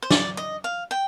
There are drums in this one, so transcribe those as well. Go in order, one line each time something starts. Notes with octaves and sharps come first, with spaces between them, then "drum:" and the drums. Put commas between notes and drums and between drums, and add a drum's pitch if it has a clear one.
C5
D5, drum: snare
D#5
F5
G5